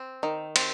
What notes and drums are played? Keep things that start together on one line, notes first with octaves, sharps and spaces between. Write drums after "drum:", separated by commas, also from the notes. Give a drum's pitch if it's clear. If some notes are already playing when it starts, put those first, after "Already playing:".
Already playing: C4
D#3
C4, drum: cymbal